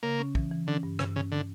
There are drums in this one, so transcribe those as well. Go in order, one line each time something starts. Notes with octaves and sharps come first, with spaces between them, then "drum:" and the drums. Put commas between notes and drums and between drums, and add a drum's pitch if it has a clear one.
C#3 A#3
C#4
E3, drum: kick
E3
D3 C#4
G2
G2 C#3, drum: rim click
C#3 C#4
D3